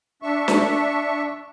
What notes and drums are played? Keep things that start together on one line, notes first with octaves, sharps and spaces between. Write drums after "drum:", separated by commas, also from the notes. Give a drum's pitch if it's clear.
D4 E5 C#6
drum: snare